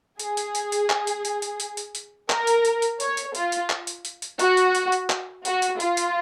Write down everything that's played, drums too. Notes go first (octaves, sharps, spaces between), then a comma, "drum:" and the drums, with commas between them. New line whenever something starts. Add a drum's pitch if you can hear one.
G#4, drum: hi-hat
drum: hi-hat
drum: hi-hat
drum: hi-hat
drum: clap
drum: hi-hat
drum: hi-hat
drum: hi-hat
drum: hi-hat
drum: hi-hat
drum: hi-hat
A#4, drum: clap
drum: hi-hat
drum: hi-hat
drum: hi-hat
C#5, drum: hi-hat
drum: hi-hat
F4, drum: hi-hat
drum: hi-hat
drum: clap
drum: hi-hat
drum: hi-hat
drum: hi-hat
F#4, drum: hi-hat
drum: hi-hat
drum: hi-hat
drum: hi-hat
drum: clap
F#4, drum: hi-hat
drum: hi-hat
F4, drum: hi-hat
drum: hi-hat